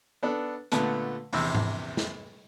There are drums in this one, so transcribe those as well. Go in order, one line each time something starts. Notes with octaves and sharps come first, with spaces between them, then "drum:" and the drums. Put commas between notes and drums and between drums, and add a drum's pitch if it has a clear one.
B3 D4 A4
A#2 D3 A3 B3, drum: hi-hat
A#1 E2 C3 E6, drum: open hi-hat
drum: tom G#2
drum: snare